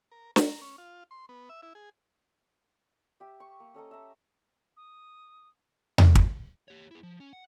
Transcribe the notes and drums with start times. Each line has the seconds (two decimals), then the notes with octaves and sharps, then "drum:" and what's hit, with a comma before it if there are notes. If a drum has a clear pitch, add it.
0.11 A#4
0.36 A#4, drum: snare
0.62 C#4
0.78 F4
1.11 C6
1.29 B3
1.49 E5
1.62 E4
1.75 G#4
3.20 G4 E5
3.40 C#6
3.60 A#3
3.74 C#4 A4 D#5 A#5
3.91 E5 A#5
4.77 D#6
5.98 drum: tom E2
6.15 drum: kick
6.68 G4 C#5
6.91 E4 G#4
7.03 F3
7.20 C#4
7.33 F#5